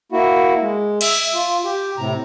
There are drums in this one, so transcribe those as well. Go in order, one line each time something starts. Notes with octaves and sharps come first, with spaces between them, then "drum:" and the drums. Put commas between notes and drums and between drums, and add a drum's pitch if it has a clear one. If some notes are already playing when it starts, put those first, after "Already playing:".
A#3 E4 F#4
G#3
E5, drum: cymbal
F4
G4
A2 C3 A#5